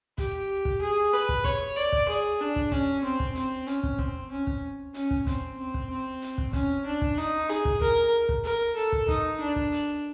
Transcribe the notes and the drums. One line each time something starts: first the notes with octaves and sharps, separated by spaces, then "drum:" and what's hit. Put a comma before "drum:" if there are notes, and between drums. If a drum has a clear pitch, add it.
G4, drum: kick, hi-hat
drum: kick
G#4
B4, drum: hi-hat
drum: kick
C#5, drum: kick, hi-hat
D5
drum: kick
G#4, drum: hi-hat
D4
drum: kick
C#4, drum: kick, hi-hat
C4
drum: kick
C4, drum: hi-hat
C#4, drum: hi-hat
drum: kick
C4, drum: kick
C#4
drum: kick
C#4, drum: hi-hat
drum: kick
C4, drum: kick, hi-hat
C4
drum: kick
C4
drum: hi-hat
drum: kick
C#4, drum: kick, hi-hat
D4
drum: kick
D#4, drum: hi-hat
G#4, drum: hi-hat
drum: kick
A#4, drum: kick, hi-hat
drum: kick
A#4, drum: hi-hat
A4, drum: hi-hat
drum: kick
D#4, drum: kick, hi-hat
D4
drum: kick
drum: hi-hat